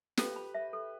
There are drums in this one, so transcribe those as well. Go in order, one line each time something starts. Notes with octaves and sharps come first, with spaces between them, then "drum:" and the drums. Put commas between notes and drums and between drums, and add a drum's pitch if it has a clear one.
G4 A4 B4, drum: snare
B5
E5
A4